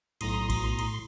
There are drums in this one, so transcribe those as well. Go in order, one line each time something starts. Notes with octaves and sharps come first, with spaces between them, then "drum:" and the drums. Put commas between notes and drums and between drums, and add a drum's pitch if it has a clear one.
B1 A2 A#5 C6 D#6, drum: cymbal
drum: kick A1, cymbal
drum: cymbal